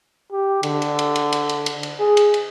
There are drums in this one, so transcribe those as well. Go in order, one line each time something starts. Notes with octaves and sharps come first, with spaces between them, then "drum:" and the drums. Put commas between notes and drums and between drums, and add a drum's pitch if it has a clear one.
G4
D3, drum: cymbal
drum: cymbal
drum: cymbal
drum: cymbal
drum: cymbal
drum: cymbal
drum: cymbal
drum: cymbal
G#4
drum: cymbal
drum: cymbal